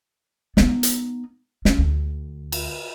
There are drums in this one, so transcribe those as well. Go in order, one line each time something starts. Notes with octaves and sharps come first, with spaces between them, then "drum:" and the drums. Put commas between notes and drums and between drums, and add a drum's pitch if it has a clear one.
B3 D#4, drum: snare
drum: hi-hat
C#4, drum: snare
D2
drum: cymbal